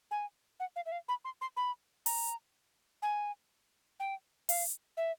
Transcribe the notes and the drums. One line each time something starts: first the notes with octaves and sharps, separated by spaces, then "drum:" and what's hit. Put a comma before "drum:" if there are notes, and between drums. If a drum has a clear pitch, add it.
G#5
F#5
F5
E5
F5
B5
C6
C6
B5
A#5, drum: open hi-hat
G#5
G5
F5, drum: open hi-hat
E5